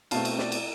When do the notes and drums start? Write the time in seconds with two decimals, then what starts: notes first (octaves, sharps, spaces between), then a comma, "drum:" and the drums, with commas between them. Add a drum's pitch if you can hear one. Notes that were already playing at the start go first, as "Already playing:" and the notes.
0.11 B2 A3 C4 F5 A5, drum: cymbal
0.25 drum: cymbal
0.38 D5, drum: snare
0.52 drum: cymbal